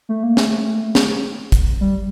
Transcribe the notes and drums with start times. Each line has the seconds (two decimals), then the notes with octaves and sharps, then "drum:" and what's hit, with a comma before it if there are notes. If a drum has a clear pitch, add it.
0.09 A3
0.23 A#3
0.37 A3, drum: snare
0.95 drum: snare
1.52 drum: kick, hi-hat
1.81 G3